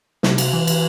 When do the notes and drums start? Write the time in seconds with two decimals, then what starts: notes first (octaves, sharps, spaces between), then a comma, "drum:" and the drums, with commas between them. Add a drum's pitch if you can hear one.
0.23 C3, drum: snare
0.38 drum: cymbal
0.53 E3
0.67 drum: cymbal